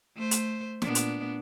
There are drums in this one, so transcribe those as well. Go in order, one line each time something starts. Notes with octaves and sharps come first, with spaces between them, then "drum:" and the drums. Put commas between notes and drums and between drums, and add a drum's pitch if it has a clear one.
A3 C5
drum: hi-hat
A#2 B3 D4, drum: snare
drum: hi-hat